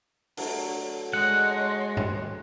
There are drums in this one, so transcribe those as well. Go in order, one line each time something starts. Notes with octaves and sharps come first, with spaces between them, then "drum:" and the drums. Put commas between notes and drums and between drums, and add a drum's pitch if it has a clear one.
D3 F#3 A3, drum: open hi-hat
G#3 G#4 C#5 D#5 F#5 C6
drum: tom G2